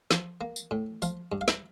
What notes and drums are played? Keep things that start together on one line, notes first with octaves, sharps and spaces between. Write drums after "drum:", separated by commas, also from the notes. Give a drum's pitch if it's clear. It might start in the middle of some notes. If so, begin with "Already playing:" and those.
F3, drum: snare
A#3
drum: tambourine
A2
F3 F5, drum: tambourine
G2
F5
E5, drum: snare